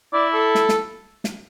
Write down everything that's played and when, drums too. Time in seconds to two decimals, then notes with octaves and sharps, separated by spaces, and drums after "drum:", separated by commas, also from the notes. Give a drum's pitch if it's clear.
0.13 E4 D5
0.34 A4
0.55 drum: snare
0.69 drum: snare
1.24 drum: snare